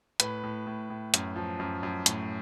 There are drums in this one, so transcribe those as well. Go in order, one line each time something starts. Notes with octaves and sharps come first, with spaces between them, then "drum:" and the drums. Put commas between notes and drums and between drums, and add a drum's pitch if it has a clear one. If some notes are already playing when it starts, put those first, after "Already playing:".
A2 B4, drum: hi-hat
A2
A2
A2
F#2, drum: hi-hat
F3
F#2
F#2
A2, drum: hi-hat